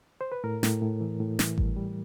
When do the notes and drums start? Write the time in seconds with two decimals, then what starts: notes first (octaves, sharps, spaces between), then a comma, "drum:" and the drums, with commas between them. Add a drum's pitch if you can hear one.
0.21 C5
0.32 B4
0.44 A2 A#4
0.63 A2, drum: snare
0.82 A2
1.01 E3
1.20 A2
1.39 E3, drum: snare
1.58 G3, drum: kick G#1
1.76 G3